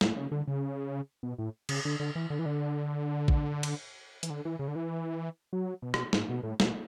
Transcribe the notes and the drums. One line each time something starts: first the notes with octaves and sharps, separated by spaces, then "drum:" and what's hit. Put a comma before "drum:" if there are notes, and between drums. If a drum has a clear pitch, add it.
A2, drum: snare
C#3
D3
C#3
B2
A2
C#3, drum: cymbal
D3
D3
E3
D3
E3
D3
drum: kick A1
drum: cymbal
E3, drum: hi-hat
D3
E3
C#3
D3
E3
F#3
B2
drum: rim click
G#2, drum: snare
B2
A2
B2, drum: snare